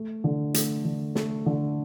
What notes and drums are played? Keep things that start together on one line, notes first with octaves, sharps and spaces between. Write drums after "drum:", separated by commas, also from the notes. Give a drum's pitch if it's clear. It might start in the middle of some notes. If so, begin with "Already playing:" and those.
Already playing: A3
D3
A3, drum: hi-hat
D3
A3, drum: snare
D3